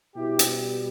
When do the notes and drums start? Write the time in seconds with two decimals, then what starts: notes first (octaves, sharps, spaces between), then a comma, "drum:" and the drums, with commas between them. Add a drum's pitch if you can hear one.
0.15 B2 G3 E4 G4
0.39 drum: hi-hat